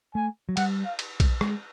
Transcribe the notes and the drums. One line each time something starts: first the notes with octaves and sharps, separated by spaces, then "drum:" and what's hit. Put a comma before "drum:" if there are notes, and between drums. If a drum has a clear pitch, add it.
A3 G#5
F#3
G3 F#5, drum: cymbal
F5
drum: cymbal
drum: kick A#1, cymbal
G#3, drum: rim click